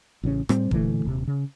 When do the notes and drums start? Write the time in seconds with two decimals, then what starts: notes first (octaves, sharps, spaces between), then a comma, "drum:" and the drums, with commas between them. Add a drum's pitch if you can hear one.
0.23 A1 C#3 F#3 C#4
0.49 A2 G3 C4, drum: rim click
0.71 A#2 D3 E3 A3, drum: kick E1
1.05 D#1 C3
1.27 C#3